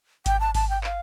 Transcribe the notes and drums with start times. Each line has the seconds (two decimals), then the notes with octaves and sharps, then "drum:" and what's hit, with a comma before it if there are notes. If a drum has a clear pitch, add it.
0.26 G5, drum: kick G#1, hi-hat
0.40 A5
0.55 A5, drum: kick G#1, open hi-hat
0.69 G5
0.84 F5, drum: clap